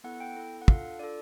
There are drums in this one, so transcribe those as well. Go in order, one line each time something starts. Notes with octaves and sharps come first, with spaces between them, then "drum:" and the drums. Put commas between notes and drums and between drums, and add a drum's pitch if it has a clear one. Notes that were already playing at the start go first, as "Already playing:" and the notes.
B3 E4 A4 F#5
G5
B3 E4 A4
F#5
D4 F4 A4 F5, drum: kick
D4 F4 A4 D5